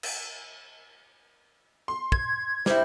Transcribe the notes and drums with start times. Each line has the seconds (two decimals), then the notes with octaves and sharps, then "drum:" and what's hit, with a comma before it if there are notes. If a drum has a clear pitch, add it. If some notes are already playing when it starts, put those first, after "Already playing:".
0.03 drum: cymbal
1.88 C6
2.12 G#6, drum: kick
2.66 G3 C4 E4 C5, drum: snare